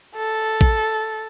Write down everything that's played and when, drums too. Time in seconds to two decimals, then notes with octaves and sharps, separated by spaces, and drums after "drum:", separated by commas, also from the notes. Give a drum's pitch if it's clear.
0.17 A4
0.61 drum: kick A1